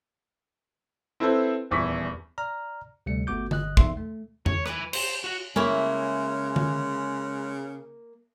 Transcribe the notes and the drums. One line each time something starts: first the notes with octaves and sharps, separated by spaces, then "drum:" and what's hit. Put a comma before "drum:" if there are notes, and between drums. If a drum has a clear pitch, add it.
C4 E4 A4 B4 C5
D#1 E2 E4 C#6 B6
D5 A#5 F6
D2 C3 G3 A3 C#7
G1 A3 B3 F#4 D6 G6
G1 D#5 F#6, drum: tom D3
E2 D#4 E5 C6, drum: kick
A3
C#5, drum: tom E2
B4 G#5, drum: rim click
C5, drum: cymbal
F#4 F#5
C#3 G#3 A#3 C#4 E4 E5
drum: tom D3